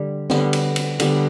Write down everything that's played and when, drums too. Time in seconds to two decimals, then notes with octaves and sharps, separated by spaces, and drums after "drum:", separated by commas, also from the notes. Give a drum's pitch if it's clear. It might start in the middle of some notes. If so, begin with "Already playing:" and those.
Already playing: D3 G3
0.30 D3 G3 B3, drum: snare
0.53 drum: cymbal
0.76 drum: cymbal
1.00 D3 G3 B3, drum: cymbal